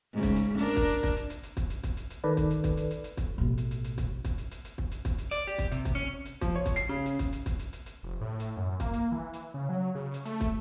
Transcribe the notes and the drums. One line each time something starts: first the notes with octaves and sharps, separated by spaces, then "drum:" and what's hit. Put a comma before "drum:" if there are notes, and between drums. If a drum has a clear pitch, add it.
G#2 C#3
drum: kick, hi-hat
drum: hi-hat
D4 A#4
drum: kick, hi-hat
drum: hi-hat
drum: kick, hi-hat
drum: hi-hat
drum: hi-hat
drum: hi-hat
drum: kick, hi-hat
drum: hi-hat
drum: kick, hi-hat
drum: hi-hat
drum: hi-hat
D#3 A4 B4 D5
drum: kick, hi-hat
drum: hi-hat
drum: kick, hi-hat
drum: hi-hat
drum: hi-hat
drum: hi-hat
drum: kick, hi-hat
A1 B2
drum: hi-hat
drum: hi-hat
drum: hi-hat
drum: kick, hi-hat
drum: kick, hi-hat
drum: hi-hat
drum: hi-hat
drum: hi-hat
drum: kick
drum: hi-hat
drum: kick, hi-hat
drum: hi-hat
D5, drum: hi-hat
G4, drum: hi-hat
drum: kick, hi-hat
C3, drum: hi-hat
drum: kick, hi-hat
C#4
drum: hi-hat
F3, drum: kick, hi-hat
C#5
drum: kick, hi-hat
C7, drum: hi-hat
C#3
drum: hi-hat
drum: kick, hi-hat
drum: hi-hat
drum: kick, hi-hat
drum: hi-hat
drum: hi-hat
drum: hi-hat
F1
A2
drum: hi-hat
F#2
A#3, drum: kick, hi-hat
drum: hi-hat
E3
drum: hi-hat
C#3
F#3
C#3
drum: hi-hat
A3, drum: hi-hat
drum: kick, hi-hat